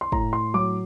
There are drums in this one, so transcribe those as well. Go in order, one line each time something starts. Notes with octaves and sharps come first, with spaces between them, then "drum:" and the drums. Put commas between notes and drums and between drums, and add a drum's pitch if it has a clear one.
C6
A2 A#5, drum: kick
C6
F#3 D6